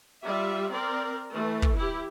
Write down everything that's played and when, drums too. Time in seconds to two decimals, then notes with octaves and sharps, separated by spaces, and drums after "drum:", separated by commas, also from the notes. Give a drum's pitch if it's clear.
0.24 G3 F4 E5
0.71 C4 A#4 D5
1.32 E3 A3
1.62 drum: kick
1.77 E4 G4